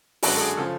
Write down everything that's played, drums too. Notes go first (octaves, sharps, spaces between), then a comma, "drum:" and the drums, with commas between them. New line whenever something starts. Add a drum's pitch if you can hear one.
F#2 D3 G#3 F#4, drum: open hi-hat
A4
G#4
C#3 F3 A4